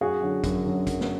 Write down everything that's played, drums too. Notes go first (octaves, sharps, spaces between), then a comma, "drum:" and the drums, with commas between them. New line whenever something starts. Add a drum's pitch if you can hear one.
F#2 F#4 G#4
D3 F#3
F#2, drum: kick, hi-hat
D3 F#3
F#2, drum: kick, hi-hat
drum: snare